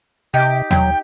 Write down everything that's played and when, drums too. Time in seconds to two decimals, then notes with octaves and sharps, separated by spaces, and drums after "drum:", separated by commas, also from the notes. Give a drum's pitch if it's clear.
0.34 C3 D#4 G4 G5
0.71 F#3 G5, drum: tom D#2